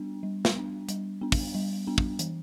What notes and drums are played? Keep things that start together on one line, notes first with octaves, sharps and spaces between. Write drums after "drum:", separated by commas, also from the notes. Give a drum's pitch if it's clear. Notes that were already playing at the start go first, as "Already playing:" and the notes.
Already playing: G3 B3 D4
G3
drum: snare
B3 D4
G3, drum: hi-hat
B3 D4
drum: kick, open hi-hat
G3
B3 D4
drum: kick
E3, drum: hi-hat